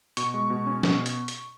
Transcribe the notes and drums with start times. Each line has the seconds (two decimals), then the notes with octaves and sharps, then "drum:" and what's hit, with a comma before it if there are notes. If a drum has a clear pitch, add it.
0.17 B2 C#6, drum: hi-hat
0.34 G#3
0.50 B2
0.67 C#4
0.83 B2, drum: snare
1.06 drum: hi-hat
1.28 drum: hi-hat